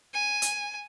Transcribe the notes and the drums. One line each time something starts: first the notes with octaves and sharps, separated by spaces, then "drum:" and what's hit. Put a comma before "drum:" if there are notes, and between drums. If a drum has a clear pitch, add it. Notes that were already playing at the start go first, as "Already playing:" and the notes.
G#5
drum: hi-hat